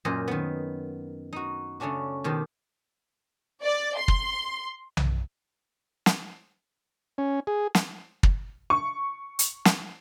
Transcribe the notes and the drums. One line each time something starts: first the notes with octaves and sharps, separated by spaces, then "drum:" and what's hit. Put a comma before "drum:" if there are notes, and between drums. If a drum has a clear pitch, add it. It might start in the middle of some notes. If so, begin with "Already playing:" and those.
F#2 A#2 F#3 A#4 C5 D#5
D#3 B3
D#4 F#4
C#3 A3 C#4 D4 F#4
B2 D#3 G4 C5
D5
C6
drum: kick
drum: tom B1
drum: snare
C#4
G#4
drum: snare
drum: kick
C#6
drum: hi-hat
drum: snare